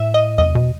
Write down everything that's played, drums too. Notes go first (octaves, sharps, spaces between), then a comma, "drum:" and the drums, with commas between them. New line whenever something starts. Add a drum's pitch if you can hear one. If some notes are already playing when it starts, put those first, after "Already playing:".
Already playing: A2 E5
D#5
D#5, drum: tom E2
B2